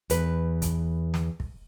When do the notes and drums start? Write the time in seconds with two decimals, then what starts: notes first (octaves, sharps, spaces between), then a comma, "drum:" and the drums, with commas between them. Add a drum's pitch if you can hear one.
0.10 E2 B4, drum: hi-hat
0.62 drum: kick, hi-hat
1.14 drum: snare
1.40 drum: kick